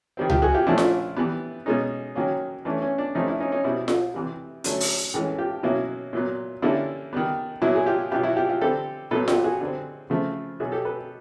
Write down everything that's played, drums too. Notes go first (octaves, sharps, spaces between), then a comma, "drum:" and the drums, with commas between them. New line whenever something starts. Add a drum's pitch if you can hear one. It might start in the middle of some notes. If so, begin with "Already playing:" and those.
D#3 G3 C4
F4 G4, drum: tom C#2
F#4 G#4
F4 G4
A#2 F3 A3 C#4 D4 E4
drum: snare F4
E3 G3 B3
B2 G#3 C#4 D#4
D#3 F#3 A#3 C#4
E3 A3 C#4 D4
C#4
D4
C3 F3 A3 C4 C#4 D#4
D4 E4
C#4 D#4
C#4 D#4
B2 G3 C4 E4 F#4
drum: snare F4
C3 E3 G3
D3 F#3 A3 C#4, drum: hi-hat
drum: open hi-hat
A2 E3 G#3 C#4
F4 G4
B2 F#3 A#3 C#4 E4 F#4
A#2 F#3 B3
D3 G3 A#3 C#4 D4 E4
D#3 G3 B3
A#2 F#3 B3 E4 F#4
G#4
F4 G4
B2 F#3 B3 F4 G4
E4 F#4
F4 G4
F4 G4
D3 G3 C4 G4 A4
A#2 F#3 B3 A4 B4
G4 A4, drum: snare F4
F#4 G#4
D3 G3 C4
C#3 F3 A3 C4
B2 F#3 B3 F#4 G#4
G4 A4
A4 B4